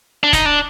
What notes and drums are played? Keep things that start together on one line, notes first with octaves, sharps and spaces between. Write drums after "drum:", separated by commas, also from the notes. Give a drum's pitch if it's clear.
D4
D#4, drum: kick, hi-hat
D4